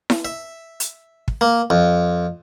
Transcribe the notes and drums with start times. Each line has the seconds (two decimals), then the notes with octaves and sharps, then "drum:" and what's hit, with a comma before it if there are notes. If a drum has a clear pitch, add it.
0.10 drum: snare E4
0.25 E5
0.80 drum: hi-hat
1.28 drum: kick
1.41 A#3
1.70 F2